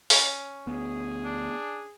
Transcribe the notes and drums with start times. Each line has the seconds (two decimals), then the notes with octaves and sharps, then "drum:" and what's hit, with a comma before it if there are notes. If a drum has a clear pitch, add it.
0.10 C#4, drum: open hi-hat
0.67 D2 B3 G#4
1.24 D4